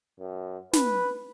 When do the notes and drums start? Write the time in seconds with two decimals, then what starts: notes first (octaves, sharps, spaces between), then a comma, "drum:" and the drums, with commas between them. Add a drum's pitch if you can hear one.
0.20 F#2
0.73 B4, drum: snare